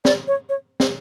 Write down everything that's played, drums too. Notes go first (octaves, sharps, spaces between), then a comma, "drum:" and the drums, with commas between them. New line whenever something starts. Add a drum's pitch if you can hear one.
D5, drum: snare
C#5
C#5
drum: snare